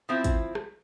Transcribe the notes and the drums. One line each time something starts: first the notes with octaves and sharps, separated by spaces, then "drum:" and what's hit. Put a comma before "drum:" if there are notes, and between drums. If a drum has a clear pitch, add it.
F3 C4 E4
drum: kick, hi-hat
drum: rim click